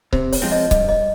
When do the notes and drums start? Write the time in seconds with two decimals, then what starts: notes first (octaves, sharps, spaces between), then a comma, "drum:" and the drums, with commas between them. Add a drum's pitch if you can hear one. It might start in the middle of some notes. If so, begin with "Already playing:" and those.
0.13 C3 C5, drum: kick C#1
0.32 C#5, drum: open hi-hat
0.42 F3 G#3 C4
0.52 D#5
0.71 G2 D#5, drum: kick C#1, hi-hat
0.89 D#5